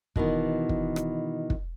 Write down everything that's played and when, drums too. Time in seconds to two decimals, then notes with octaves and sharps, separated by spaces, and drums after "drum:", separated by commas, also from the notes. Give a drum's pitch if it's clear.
0.16 B2 D#3 E3 B3, drum: kick
0.69 drum: kick
0.96 drum: rim click
1.50 drum: kick